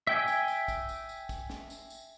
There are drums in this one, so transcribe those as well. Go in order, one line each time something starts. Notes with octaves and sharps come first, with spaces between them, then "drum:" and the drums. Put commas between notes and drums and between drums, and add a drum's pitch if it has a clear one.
E5 G5 G#5
drum: tambourine
drum: tambourine
drum: kick, tambourine
drum: tambourine
drum: tambourine
drum: kick, tambourine
drum: snare
drum: tambourine
drum: tambourine